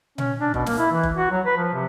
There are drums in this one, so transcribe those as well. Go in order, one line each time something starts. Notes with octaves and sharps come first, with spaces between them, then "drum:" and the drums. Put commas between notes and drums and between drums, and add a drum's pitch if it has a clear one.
C#4, drum: tom A#2
D4
B2, drum: kick F#1
A#3, drum: snare
E4
E3
drum: kick F#1
F#4
F#3
B4
F3
C3